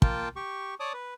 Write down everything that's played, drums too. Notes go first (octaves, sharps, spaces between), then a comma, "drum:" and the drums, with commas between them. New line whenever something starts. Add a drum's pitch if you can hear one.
A#3 F4 G5 A5, drum: kick
G4 C#6
C#5 D5 A5 D6 D#6
B4